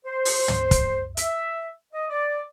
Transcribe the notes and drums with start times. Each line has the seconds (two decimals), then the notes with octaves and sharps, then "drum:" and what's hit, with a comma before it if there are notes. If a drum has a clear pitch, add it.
0.05 C5
0.25 drum: open hi-hat
0.48 drum: tom
0.71 drum: kick, hi-hat
1.17 E5, drum: hi-hat
1.93 D#5
2.09 D5